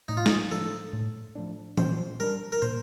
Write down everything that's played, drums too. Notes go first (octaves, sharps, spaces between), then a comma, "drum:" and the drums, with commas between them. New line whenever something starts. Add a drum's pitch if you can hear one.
A2 D#4
F4
D#4, drum: snare
F3 A3 D4 A4
A2
F3 A3 D4
A#2 C5, drum: tom E3
G3 D4 A#4
A#4
A#2 C5